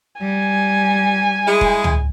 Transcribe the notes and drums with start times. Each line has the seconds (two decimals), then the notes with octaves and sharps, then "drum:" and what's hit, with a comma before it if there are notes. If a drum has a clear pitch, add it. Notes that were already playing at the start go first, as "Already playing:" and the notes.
0.22 G3 G#5
1.47 G#3 E4 G#4
1.61 drum: kick E1
1.84 drum: tom